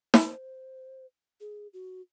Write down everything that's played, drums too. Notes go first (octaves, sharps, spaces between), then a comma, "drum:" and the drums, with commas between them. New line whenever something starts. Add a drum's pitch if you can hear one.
drum: snare
C5
G#4
F#4